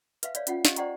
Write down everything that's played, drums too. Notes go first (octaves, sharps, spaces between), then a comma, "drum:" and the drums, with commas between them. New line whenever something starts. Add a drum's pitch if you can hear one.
B4 E5 F5, drum: hi-hat
C#5 D5 F5, drum: hi-hat
C#4 F4 F#5, drum: hi-hat
G4 D#5 F5, drum: snare
C5 D5 F#5 G5 A#5 C#6, drum: hi-hat